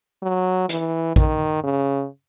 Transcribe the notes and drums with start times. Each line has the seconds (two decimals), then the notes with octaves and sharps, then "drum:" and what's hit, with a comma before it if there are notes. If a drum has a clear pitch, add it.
0.23 F#3
0.69 E3, drum: hi-hat
1.16 D#3, drum: kick A#1
1.64 C#3